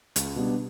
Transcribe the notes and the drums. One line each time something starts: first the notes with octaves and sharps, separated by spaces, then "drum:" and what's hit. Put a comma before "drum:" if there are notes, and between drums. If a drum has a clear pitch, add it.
C#2, drum: hi-hat
B2 G3 B3 D4